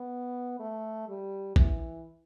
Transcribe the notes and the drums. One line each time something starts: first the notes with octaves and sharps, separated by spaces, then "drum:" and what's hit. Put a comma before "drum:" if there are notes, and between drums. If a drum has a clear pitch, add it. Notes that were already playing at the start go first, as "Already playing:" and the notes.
Already playing: B3
A3
G3
E3, drum: kick A#1